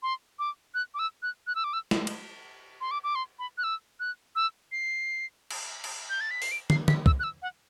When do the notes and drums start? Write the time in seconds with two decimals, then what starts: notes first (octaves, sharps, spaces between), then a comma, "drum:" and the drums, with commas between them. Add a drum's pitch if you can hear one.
0.03 C6
0.39 D6
0.75 F#6
0.94 D6
0.99 E6
1.23 F#6
1.47 F#6
1.55 E6
1.64 D6
1.73 E6
1.91 drum: snare
2.07 drum: cymbal
2.81 C6
2.91 D6
3.04 D6
3.15 C6
3.39 B5
3.58 F#6
3.64 E6
4.00 F#6
4.36 E6
4.72 C7
5.51 drum: cymbal
5.84 drum: cymbal
6.10 G6
6.21 A6
6.31 B6
6.42 C7, drum: open hi-hat
6.51 D7
6.70 C7, drum: tom
6.88 B6, drum: tom
7.06 E6, drum: kick
7.19 F#6
7.24 E6
7.42 F#5